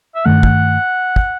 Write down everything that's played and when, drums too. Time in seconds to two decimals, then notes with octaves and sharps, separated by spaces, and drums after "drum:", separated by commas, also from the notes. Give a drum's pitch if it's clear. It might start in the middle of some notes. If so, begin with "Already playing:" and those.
0.15 E5
0.25 G2 D#3 A3 F#5
0.43 drum: kick
1.16 drum: kick